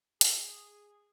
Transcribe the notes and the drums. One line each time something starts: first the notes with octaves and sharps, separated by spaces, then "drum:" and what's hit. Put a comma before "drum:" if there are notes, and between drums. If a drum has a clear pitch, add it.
G#4, drum: hi-hat